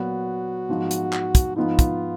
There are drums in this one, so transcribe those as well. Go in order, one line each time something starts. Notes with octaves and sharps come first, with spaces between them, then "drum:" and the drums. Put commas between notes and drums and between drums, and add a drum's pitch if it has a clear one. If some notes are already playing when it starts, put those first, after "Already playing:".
Already playing: A#2 F#3 B3 F#4
G#2 F3 B3
drum: hi-hat
drum: clap
drum: kick, hi-hat
G#2 F3 B3 D#4 F4
drum: kick, hi-hat